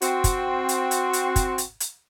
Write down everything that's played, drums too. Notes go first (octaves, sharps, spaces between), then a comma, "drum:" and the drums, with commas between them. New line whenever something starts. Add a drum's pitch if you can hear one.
C4 F#4, drum: hi-hat
drum: kick, hi-hat
drum: hi-hat
drum: hi-hat
drum: hi-hat
drum: kick, hi-hat
drum: hi-hat
drum: hi-hat